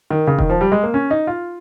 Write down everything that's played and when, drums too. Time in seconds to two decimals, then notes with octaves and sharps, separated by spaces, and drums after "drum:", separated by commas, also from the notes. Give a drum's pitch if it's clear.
0.11 D#3
0.27 C#3
0.39 D#3, drum: kick E1
0.49 F3
0.61 G3
0.72 G#3
0.83 A#3
0.94 C#4
1.11 D#4
1.27 F4